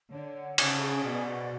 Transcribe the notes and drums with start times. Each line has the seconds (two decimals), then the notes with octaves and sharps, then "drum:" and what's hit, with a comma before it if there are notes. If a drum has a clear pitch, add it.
0.11 D3 C#5
0.34 F#5
0.58 C#3 C#5, drum: cymbal
0.81 G#4
1.04 B2 D5
1.28 F#4